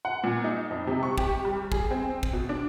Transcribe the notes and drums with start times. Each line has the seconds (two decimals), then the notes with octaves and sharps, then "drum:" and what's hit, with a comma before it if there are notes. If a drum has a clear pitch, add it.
0.05 F#5
0.24 A#2
0.44 D#4
0.70 F2
0.87 C3
1.03 C#6
1.18 G4, drum: kick
1.45 G3
1.72 G#4, drum: kick
1.91 C4
2.23 drum: kick
2.33 B2
2.49 D4